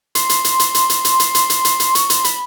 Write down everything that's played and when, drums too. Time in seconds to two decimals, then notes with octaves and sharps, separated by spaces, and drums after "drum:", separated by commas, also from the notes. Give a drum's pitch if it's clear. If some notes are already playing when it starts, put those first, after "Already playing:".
0.15 C6, drum: hi-hat
0.29 drum: hi-hat
0.44 drum: hi-hat
0.60 drum: hi-hat
0.75 drum: hi-hat
0.90 drum: hi-hat
1.05 drum: hi-hat
1.20 drum: hi-hat
1.35 drum: hi-hat
1.50 drum: hi-hat
1.65 drum: hi-hat
1.80 drum: hi-hat
1.95 C#6, drum: hi-hat
2.10 C6, drum: hi-hat
2.24 B5, drum: hi-hat